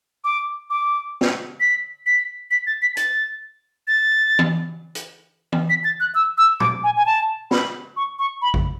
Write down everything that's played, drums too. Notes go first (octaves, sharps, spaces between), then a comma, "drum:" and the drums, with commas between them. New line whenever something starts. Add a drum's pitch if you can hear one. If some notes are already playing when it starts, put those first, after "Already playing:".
D6
D6
drum: snare
B6
B6
B6
A6
B6
A6, drum: hi-hat
A6
drum: tom E3
drum: hi-hat
drum: tom E3
B6
A6
F#6
E6
E6
D6, drum: tom A#2
G#5
G#5
A5
B5, drum: snare
C#6
C#6
B5
drum: kick A1